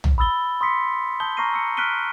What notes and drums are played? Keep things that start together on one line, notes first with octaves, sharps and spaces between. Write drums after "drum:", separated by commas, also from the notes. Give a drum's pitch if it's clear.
drum: tom
B5 D#6 E6 A6 G7
C6 D#6 B6 C#7
A5 D#6 G6 G7
A#5 C#6 F6 A#6 C7 D#7
E6 C#7
F6 F#6 B6 D7 D#7 G7